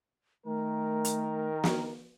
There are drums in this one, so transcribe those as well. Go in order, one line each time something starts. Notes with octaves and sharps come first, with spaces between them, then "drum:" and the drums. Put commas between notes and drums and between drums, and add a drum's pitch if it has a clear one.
D#3 A3 A#4
drum: hi-hat
drum: snare